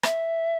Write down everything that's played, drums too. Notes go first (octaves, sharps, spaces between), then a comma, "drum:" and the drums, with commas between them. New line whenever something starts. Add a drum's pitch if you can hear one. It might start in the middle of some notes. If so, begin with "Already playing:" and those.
E5, drum: rim click